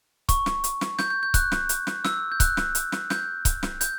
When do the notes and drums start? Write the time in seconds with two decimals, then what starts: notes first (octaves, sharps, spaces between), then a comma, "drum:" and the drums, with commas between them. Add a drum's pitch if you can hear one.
0.29 C#6, drum: kick C#1, hi-hat
0.46 drum: snare
0.64 drum: hi-hat
0.81 drum: snare
0.99 G6, drum: snare
1.10 G6
1.23 G6
1.34 F#6, drum: kick C#1, hi-hat
1.52 drum: snare
1.69 drum: hi-hat
1.87 drum: snare
2.04 E6, drum: snare
2.32 G6
2.40 F#6, drum: kick C#1, hi-hat
2.57 drum: snare
2.75 drum: hi-hat
2.92 drum: snare
3.10 G6, drum: snare
3.45 drum: kick C#1, hi-hat
3.63 drum: snare
3.81 G6, drum: hi-hat